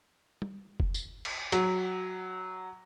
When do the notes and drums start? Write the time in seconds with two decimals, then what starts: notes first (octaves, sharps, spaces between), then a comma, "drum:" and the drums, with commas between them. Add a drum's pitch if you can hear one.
0.42 drum: tom
0.80 drum: kick F#1
0.94 drum: tambourine
1.25 drum: cymbal
1.52 F#3, drum: hi-hat